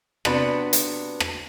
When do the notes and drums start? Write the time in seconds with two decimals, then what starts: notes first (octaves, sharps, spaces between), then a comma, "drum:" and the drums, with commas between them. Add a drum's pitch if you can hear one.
0.25 C3 B3 D4 F#4 B4, drum: rim click
0.73 drum: hi-hat
1.20 drum: rim click